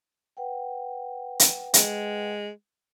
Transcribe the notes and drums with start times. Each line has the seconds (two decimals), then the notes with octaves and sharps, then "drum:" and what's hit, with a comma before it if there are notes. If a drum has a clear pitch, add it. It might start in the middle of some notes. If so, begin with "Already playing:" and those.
0.37 B4 F#5 G5
1.40 drum: hi-hat
1.74 G#3, drum: hi-hat